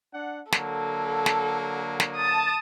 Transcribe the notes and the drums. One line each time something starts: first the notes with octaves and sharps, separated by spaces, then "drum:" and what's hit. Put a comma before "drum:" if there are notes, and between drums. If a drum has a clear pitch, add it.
D4 F#5
D3 F#3 A#3 A4, drum: snare
drum: snare
drum: snare
A5 D#6